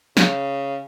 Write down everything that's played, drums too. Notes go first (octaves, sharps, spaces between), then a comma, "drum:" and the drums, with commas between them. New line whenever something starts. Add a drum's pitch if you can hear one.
C#3, drum: snare